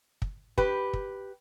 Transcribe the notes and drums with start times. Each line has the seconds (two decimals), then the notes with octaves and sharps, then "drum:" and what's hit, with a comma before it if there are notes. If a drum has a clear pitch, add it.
0.22 drum: kick
0.58 G4 B4, drum: kick
0.93 drum: kick